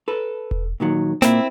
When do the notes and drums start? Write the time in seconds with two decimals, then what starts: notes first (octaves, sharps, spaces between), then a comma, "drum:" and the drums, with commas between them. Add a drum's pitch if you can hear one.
0.08 A4 B4
0.51 drum: kick E1
0.80 A#2 D#3 F#3
1.22 A#2 A#3 C4 E4, drum: snare